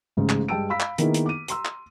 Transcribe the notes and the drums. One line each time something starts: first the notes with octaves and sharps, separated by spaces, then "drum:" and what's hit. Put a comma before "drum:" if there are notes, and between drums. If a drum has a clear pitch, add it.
A1 G#2 C#3
drum: clap
G2 G#3 G5 A5 E6 D7
F5 B5 E6 B6
drum: clap
D#3 A#3 B3 D#4 E4 G#4, drum: hi-hat
drum: hi-hat
D6 D#7
A#5 C6 E6, drum: hi-hat
drum: clap